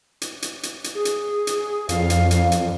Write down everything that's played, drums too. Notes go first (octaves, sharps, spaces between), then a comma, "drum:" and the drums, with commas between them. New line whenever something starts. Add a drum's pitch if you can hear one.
drum: hi-hat
drum: hi-hat
drum: hi-hat
drum: hi-hat
G#4
drum: hi-hat
drum: hi-hat
F2 F5, drum: hi-hat
drum: hi-hat
drum: hi-hat
drum: hi-hat